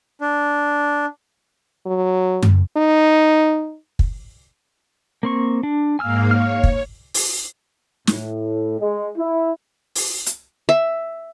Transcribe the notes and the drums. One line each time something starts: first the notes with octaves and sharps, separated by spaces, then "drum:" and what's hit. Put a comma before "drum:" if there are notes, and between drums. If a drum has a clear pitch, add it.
D4
F#3
drum: tom F#2
D#4
drum: kick
A#3 C4 C#6
D4
G#2 A#3 F5 G#5 E6 F6
C#5 F5 F6
drum: kick
drum: open hi-hat
A2, drum: snare
G#3
E4
drum: open hi-hat
drum: hi-hat
E5